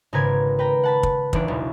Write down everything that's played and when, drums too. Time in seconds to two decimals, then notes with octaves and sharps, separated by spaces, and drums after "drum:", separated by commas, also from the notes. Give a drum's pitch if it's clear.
0.13 G#1 C#3 A#4 B4 G#6
0.59 B4 G5 A#5
0.84 F#5 A5 B5
1.03 drum: kick
1.33 D#1 D#2 E3 D4 D7, drum: kick
1.48 E1 B1